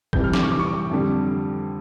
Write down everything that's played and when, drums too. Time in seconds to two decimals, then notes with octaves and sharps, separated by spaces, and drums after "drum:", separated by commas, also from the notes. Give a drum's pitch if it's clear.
0.13 F2 C3 E3 G3 G6, drum: kick
0.24 F6
0.33 D6, drum: snare
0.42 C#6
0.52 D6
0.59 C#6
0.67 D6
0.91 F2 D3 G3